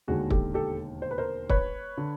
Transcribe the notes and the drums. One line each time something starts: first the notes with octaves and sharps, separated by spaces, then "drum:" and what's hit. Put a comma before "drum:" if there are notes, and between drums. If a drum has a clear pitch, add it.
E1 D#2 D3 F#4 G#4
G4 A4, drum: kick
G4 A4
C5
B4
A#4 C5
B4 C#5, drum: kick
D3